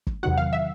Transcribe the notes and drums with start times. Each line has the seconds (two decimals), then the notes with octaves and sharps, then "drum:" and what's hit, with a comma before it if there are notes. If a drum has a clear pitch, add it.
0.07 drum: kick
0.23 E2 C3 D#3 F#3 F#5
0.37 F5
0.53 E5